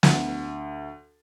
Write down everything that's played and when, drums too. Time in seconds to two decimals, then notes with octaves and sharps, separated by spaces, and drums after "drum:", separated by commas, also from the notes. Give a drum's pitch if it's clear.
0.03 D2, drum: snare